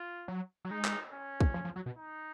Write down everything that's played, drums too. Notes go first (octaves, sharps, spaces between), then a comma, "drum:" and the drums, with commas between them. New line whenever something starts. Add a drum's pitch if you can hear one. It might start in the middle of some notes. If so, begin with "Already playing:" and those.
Already playing: F4
F#3
F#3
G#3 D#4
drum: clap
C#4
drum: kick
F3
F3
F#3
B2
D#4